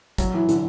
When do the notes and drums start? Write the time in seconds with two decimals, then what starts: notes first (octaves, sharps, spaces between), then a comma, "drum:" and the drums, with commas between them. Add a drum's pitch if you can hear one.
0.18 F#3, drum: kick, hi-hat
0.34 E3
0.49 D3, drum: hi-hat